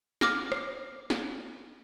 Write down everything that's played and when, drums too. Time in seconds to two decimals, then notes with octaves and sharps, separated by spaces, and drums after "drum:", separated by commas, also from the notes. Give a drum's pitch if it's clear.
0.21 D6 F6 A#6, drum: snare
0.52 drum: rim click
1.10 drum: snare